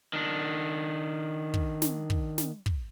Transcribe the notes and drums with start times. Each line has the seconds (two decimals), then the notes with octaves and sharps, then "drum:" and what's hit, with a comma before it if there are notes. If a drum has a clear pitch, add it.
0.13 D#3 D4
1.54 drum: kick
1.82 drum: snare
2.10 drum: kick
2.38 drum: snare
2.66 drum: kick